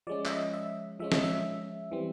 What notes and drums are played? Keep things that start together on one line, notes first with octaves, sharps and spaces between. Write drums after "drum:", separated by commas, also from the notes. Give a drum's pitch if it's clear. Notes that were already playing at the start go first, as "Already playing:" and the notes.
F3 G#3 C#4 D5
E5, drum: clap
D#5
E5
F3 G#3 C#4 E5
D#5, drum: snare
E5
E3 G3 C4